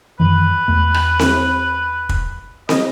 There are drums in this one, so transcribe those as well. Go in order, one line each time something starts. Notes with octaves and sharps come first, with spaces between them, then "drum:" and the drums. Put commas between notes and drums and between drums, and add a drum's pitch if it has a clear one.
F#2 D#3 E3 B4
E2 G#3 A3
drum: rim click
drum: snare C4
drum: kick
D#5, drum: snare C4